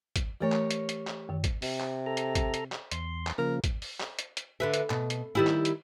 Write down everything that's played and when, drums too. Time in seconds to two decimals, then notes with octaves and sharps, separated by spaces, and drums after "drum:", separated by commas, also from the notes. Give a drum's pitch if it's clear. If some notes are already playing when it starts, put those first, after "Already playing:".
0.16 drum: kick, hi-hat
0.40 E3 A3 G4 A#4 C#5
0.52 drum: clap
0.71 drum: hi-hat
0.89 drum: hi-hat
1.07 drum: clap
1.29 F#2 D#3
1.44 drum: kick, hi-hat
1.62 C3, drum: open hi-hat
1.80 drum: clap
2.06 A4 A#5
2.17 drum: hi-hat
2.35 drum: kick, hi-hat
2.54 drum: hi-hat
2.72 drum: clap
2.91 E2 C6, drum: hi-hat
3.27 drum: clap
3.38 C#3 F3 A#3 A#4
3.64 drum: kick, hi-hat
3.82 drum: open hi-hat
4.00 drum: clap
4.19 drum: hi-hat
4.37 drum: hi-hat
4.60 D3 B4 E5
4.74 drum: hi-hat
4.90 B2, drum: clap
5.10 drum: hi-hat
5.35 D#3 G3 E4
5.47 drum: clap
5.65 drum: hi-hat